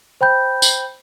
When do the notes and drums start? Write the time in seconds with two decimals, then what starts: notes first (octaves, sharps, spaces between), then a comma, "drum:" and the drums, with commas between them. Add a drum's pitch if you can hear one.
0.21 C5 G5 B5 G6
0.62 drum: tambourine